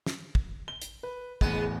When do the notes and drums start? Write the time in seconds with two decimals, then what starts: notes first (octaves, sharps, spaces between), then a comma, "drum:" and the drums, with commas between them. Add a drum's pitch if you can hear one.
0.06 drum: snare
0.35 drum: kick
0.68 G7
0.82 drum: hi-hat
1.03 B4
1.41 D1 E2 G#3 B3, drum: kick